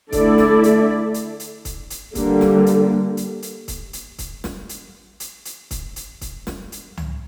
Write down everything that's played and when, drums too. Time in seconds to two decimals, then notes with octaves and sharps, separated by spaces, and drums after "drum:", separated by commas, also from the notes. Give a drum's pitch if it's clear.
0.12 D3 A3 E4 A4 D5, drum: kick, hi-hat
0.38 drum: snare
0.64 drum: hi-hat
1.14 drum: hi-hat
1.40 drum: hi-hat
1.65 drum: kick, hi-hat
1.90 drum: hi-hat
2.15 D3 G3 A#3, drum: kick, hi-hat
2.41 drum: snare
2.66 drum: hi-hat
3.17 drum: hi-hat
3.42 drum: hi-hat
3.68 drum: kick, hi-hat
3.93 drum: hi-hat
4.19 drum: kick, hi-hat
4.44 drum: snare
4.69 drum: hi-hat
5.20 drum: hi-hat
5.45 drum: hi-hat
5.71 drum: kick, hi-hat
5.96 drum: hi-hat
6.21 drum: kick, hi-hat
6.47 drum: snare
6.72 drum: hi-hat
6.97 drum: tom C#2